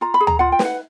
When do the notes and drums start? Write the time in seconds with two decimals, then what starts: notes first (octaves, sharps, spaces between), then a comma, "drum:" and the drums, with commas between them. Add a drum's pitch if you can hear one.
0.01 F4 A#5
0.14 B5
0.20 G#4
0.27 A#5, drum: tom D2
0.39 F4 F#5
0.52 G5
0.59 B4, drum: snare
0.65 F#5